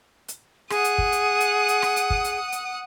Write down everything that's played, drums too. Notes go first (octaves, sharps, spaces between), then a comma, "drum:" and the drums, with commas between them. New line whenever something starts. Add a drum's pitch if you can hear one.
drum: hi-hat
G#4 F#5 D#6, drum: rim click
drum: hi-hat
drum: kick
drum: hi-hat
drum: hi-hat
drum: hi-hat
drum: rim click
drum: hi-hat
drum: kick
drum: hi-hat
drum: hi-hat